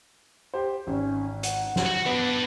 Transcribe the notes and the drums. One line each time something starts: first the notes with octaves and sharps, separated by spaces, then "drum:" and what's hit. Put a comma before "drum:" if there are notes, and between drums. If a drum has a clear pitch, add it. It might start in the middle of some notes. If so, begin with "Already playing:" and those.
G4 C5
G#1 C#4
F#5, drum: hi-hat
drum: snare
F#4
B3 D4 B4